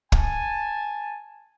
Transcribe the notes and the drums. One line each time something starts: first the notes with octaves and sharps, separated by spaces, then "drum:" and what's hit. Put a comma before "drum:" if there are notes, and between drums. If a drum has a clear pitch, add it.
G#5 A5, drum: kick